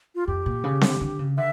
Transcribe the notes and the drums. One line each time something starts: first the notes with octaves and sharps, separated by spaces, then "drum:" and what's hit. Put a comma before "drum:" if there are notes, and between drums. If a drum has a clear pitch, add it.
F4
F2 G4
A#2
C#3
D3, drum: snare C4
D3
C#3
D3 E5